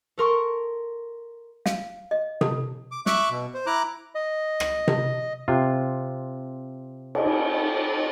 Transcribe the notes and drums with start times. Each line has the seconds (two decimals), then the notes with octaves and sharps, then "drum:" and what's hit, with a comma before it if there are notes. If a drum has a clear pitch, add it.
0.18 A4 A#4 C6 C#6
1.66 F5, drum: snare
2.11 D#5
2.41 A4, drum: tom C3
2.92 D6
3.06 E5 C#6 D6 F#6, drum: snare
3.30 B2
3.54 C5
3.66 E4 A#5 D6 F#6
4.15 D#5
4.60 drum: rim click
4.88 drum: tom C3
5.48 C3 F4
7.15 drum: cymbal